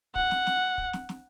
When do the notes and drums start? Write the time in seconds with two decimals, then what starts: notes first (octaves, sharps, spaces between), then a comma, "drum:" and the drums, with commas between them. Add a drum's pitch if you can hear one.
0.15 F#5, drum: kick
0.31 drum: snare
0.47 drum: snare
0.78 drum: kick
0.93 drum: snare
1.09 drum: snare